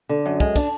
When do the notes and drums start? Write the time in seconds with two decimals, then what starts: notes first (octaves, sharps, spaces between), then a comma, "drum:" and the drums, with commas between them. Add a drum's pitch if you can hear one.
0.09 D3
0.26 F#2
0.40 G#3, drum: kick
0.56 D4, drum: kick, cymbal